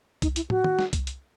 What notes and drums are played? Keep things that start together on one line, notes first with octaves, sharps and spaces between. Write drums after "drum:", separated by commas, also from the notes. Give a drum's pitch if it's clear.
D#4, drum: kick C2, hi-hat
E4, drum: hi-hat
F#4, drum: tom
drum: tom D#3
drum: snare
drum: kick C2, hi-hat
drum: hi-hat